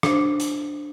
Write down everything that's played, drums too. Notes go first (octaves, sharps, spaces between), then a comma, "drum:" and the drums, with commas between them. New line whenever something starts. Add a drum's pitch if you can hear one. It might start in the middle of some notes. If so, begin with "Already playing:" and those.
D4 C5, drum: rim click
drum: hi-hat